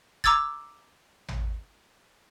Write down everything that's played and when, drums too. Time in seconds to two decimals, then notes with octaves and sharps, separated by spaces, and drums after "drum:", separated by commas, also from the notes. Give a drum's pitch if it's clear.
0.24 A#5 D6 E6 G#6 A6, drum: kick F1
1.28 drum: tom